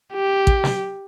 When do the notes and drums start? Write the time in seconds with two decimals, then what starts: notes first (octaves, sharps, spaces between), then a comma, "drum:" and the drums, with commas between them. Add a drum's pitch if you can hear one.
0.14 G4
0.47 drum: kick A1
0.64 drum: snare